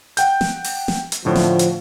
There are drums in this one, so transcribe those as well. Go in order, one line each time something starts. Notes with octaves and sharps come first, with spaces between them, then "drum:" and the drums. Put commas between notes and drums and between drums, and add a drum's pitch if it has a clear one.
F#5 G5 G6, drum: hi-hat
drum: snare
drum: open hi-hat
drum: snare
drum: hi-hat
A2 D3 F3 A3
drum: snare
drum: hi-hat